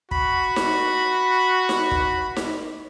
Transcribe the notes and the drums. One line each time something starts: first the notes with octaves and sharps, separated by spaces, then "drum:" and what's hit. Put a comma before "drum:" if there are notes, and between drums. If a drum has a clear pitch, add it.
F#4 B5, drum: kick
drum: snare D#4
drum: snare D#4
drum: kick
drum: snare D#4